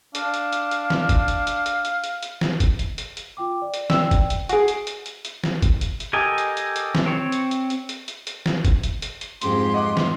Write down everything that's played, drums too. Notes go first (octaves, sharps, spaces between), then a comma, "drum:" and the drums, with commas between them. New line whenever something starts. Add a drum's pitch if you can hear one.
D4 F5, drum: hi-hat
drum: hi-hat
drum: hi-hat
drum: hi-hat
drum: snare
drum: kick, hi-hat
drum: hi-hat
drum: hi-hat
drum: hi-hat
drum: hi-hat
drum: hi-hat
drum: hi-hat
drum: snare
drum: kick, hi-hat
drum: hi-hat
drum: hi-hat
drum: hi-hat
F4 G5 D6
D5
drum: hi-hat
D5 G5 E6, drum: snare
drum: kick, hi-hat
drum: hi-hat
F#4 G#4 G#5 C7 D7, drum: hi-hat
drum: hi-hat
drum: hi-hat
drum: hi-hat
drum: hi-hat
drum: snare
drum: kick, hi-hat
drum: hi-hat
drum: hi-hat
G4 A4 A#4 D#5 G#5
drum: hi-hat
drum: hi-hat
drum: hi-hat
drum: snare
C4 C#5
drum: hi-hat
drum: hi-hat
drum: hi-hat
drum: hi-hat
drum: hi-hat
drum: hi-hat
drum: snare
drum: kick, hi-hat
drum: hi-hat
drum: hi-hat
drum: hi-hat
F2 G#2 G4 C6, drum: hi-hat
D#5 F#5 D6
drum: snare